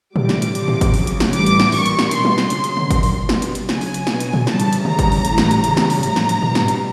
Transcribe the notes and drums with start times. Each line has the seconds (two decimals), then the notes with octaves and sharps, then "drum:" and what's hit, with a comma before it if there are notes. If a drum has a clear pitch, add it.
0.16 A2 E3 G3 D6, drum: tom
0.29 drum: snare
0.42 drum: hi-hat
0.55 C3 F3, drum: hi-hat
0.68 drum: tom G#2
0.81 drum: kick, hi-hat
0.94 C#3 F#3, drum: open hi-hat
1.07 drum: hi-hat
1.20 drum: snare
1.33 A2 E3 G3 D6, drum: hi-hat
1.46 drum: hi-hat
1.60 drum: snare
1.72 A#2 G3 C#6, drum: open hi-hat
1.86 drum: hi-hat
1.99 drum: snare
2.11 B2 G3 C6, drum: hi-hat
2.25 drum: tom F#3
2.38 drum: snare
2.50 C#3 F#3, drum: hi-hat
2.64 drum: hi-hat
2.77 drum: tom C#3
2.91 A#2 F#3, drum: kick, hi-hat
3.03 drum: open hi-hat
3.29 B2 G3, drum: snare
3.42 drum: hi-hat
3.55 drum: hi-hat
3.69 C#3 F#3 G#5, drum: snare
3.81 drum: open hi-hat
3.94 drum: hi-hat
4.07 B2 F#3, drum: snare
4.20 drum: hi-hat
4.33 drum: tom
4.47 C#3 E3 G3 A5, drum: snare
4.60 drum: hi-hat
4.73 drum: hi-hat
4.85 C#3 E3 G3 A#5, drum: tom C#3
4.99 drum: kick, hi-hat
5.12 drum: open hi-hat
5.25 A2 E3 G3, drum: hi-hat
5.38 drum: snare
5.51 drum: hi-hat
5.64 C#3 E3 G3, drum: hi-hat
5.77 drum: snare
5.90 drum: open hi-hat
6.03 A2 F3 A#5, drum: hi-hat
6.16 drum: snare
6.29 drum: hi-hat
6.42 B2 G3, drum: tom G#2
6.55 drum: snare
6.68 drum: hi-hat